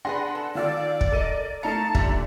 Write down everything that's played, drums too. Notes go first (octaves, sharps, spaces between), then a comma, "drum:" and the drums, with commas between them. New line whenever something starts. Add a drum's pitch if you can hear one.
D4 G#4 B4 F#5 C6 A#6
A4
D#3 F4 D5 E6
drum: kick
A4 A#4 D#5 D#7
A3 D#4 F5 A5 A#5 C#7
A#2 D3 G3 E5, drum: kick